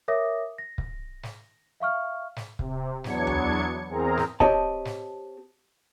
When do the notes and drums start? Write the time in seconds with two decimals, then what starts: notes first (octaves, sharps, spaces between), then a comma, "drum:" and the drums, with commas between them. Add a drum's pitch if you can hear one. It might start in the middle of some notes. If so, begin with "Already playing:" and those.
0.08 A#4 C#5 E5 D6 D#6 A#6
0.58 A#6
0.78 drum: kick
1.23 drum: snare
1.80 E5 F5 C#6 F6
2.36 drum: snare
2.59 C3, drum: kick
3.04 E2 F#3 B3 D4 G#6 C#7, drum: snare
3.27 drum: tom D2
3.89 E2 C4 G#4 A#4 A#5
4.17 drum: snare
4.40 C4 G4 C#5 D#5 A5, drum: kick
4.85 drum: snare